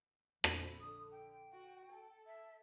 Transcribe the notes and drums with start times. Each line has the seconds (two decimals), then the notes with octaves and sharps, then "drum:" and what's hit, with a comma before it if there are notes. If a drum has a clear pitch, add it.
0.44 A#1 C4 B5, drum: rim click
0.81 D3 D#6
1.12 G5
1.52 F#4
1.90 A4
2.26 E5